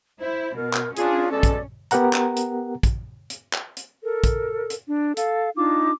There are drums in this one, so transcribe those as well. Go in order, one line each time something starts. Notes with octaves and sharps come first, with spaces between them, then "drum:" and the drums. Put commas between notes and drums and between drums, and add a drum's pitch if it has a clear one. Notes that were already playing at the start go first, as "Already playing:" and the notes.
E4 C5
B2 A#4
drum: clap
C#4 D4 F4 G#4, drum: hi-hat
B2 G#3 A4 D5
drum: kick, hi-hat
B3 G4 A#4 F#5 A#5, drum: hi-hat
drum: clap
drum: hi-hat
drum: kick, hi-hat
drum: hi-hat
drum: clap
drum: hi-hat
A4 A#4
drum: kick, hi-hat
drum: hi-hat
D4
A4 F5, drum: hi-hat
D4 D#4 F4 D6